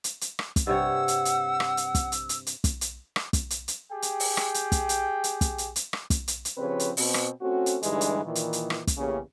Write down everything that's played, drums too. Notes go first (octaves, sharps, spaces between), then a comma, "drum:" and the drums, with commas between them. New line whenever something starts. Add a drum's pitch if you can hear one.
drum: hi-hat
drum: hi-hat
drum: rim click
drum: kick, hi-hat
G2 C3 C#5 F#5 E6
drum: hi-hat
drum: hi-hat
drum: rim click
drum: hi-hat
drum: kick, hi-hat
drum: hi-hat
drum: hi-hat
drum: hi-hat
drum: kick, hi-hat
drum: hi-hat
drum: rim click
drum: kick, hi-hat
drum: hi-hat
drum: hi-hat
G4 G#4 G5
drum: hi-hat
drum: open hi-hat
drum: rim click
drum: hi-hat
drum: kick, hi-hat
drum: hi-hat
drum: hi-hat
drum: kick, hi-hat
drum: hi-hat
drum: hi-hat
drum: rim click
drum: kick, hi-hat
drum: hi-hat
drum: hi-hat
C#3 F3 C4 G4 B4 C#5
drum: hi-hat
B2 C4, drum: open hi-hat
drum: rim click
A3 C4 C#4 F#4
drum: hi-hat
G2 D3 E3 G3 G#3 D#4, drum: hi-hat
drum: hi-hat
A#2 D#3 E3
drum: hi-hat
drum: hi-hat
drum: rim click
drum: kick, hi-hat
E2 A2 C#3 A#3 C#4 G4